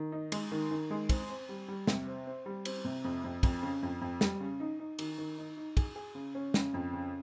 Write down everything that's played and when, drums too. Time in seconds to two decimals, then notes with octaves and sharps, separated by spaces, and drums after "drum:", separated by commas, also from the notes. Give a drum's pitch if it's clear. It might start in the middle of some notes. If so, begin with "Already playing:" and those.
Already playing: D#3
0.12 D#4
0.32 G#3, drum: cymbal
0.51 D#3
0.71 D#3
0.91 G#3
1.09 C4, drum: kick, cymbal
1.29 C4
1.49 G3
1.68 G3
1.87 C3, drum: snare
2.07 C4
2.27 C4
2.46 G3
2.65 C4, drum: cymbal
2.84 C3
3.04 F2
3.24 F2
3.43 F2, drum: kick, cymbal
3.63 C#3
3.82 F2
4.01 F2
4.21 G3, drum: snare
4.40 C#3
4.60 D#4
4.79 D#4
4.99 D#3, drum: cymbal
5.18 D#3
5.38 D#4
5.57 D#4
5.77 G#4, drum: kick, cymbal
5.96 G#4
6.15 C#3
6.35 C#4
6.54 C#3, drum: snare
6.74 F2
6.93 C#3